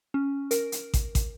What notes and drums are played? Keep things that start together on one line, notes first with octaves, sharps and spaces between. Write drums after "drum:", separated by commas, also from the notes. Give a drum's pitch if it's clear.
C#4
A#4, drum: hi-hat
drum: hi-hat
drum: kick, hi-hat
drum: kick, hi-hat